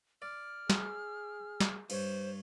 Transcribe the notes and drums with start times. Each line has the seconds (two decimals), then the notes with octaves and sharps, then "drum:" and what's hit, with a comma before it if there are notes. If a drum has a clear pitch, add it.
0.22 D5 F6
0.70 G#4, drum: snare
1.60 drum: snare
1.90 G2 C5 C#5, drum: cymbal